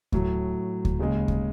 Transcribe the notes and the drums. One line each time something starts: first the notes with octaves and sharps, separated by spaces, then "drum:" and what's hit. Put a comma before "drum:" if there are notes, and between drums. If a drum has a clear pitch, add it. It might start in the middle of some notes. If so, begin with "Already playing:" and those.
A2 F#3 A3, drum: kick D2
drum: kick D2
D#2 C#3 G#3
drum: kick D2